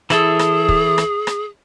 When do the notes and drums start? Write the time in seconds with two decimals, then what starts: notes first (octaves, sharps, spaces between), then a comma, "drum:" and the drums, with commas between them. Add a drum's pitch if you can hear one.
0.10 E3 E4 G#4 A4, drum: rim click
0.39 drum: rim click
0.69 drum: kick
0.98 drum: rim click
1.27 drum: rim click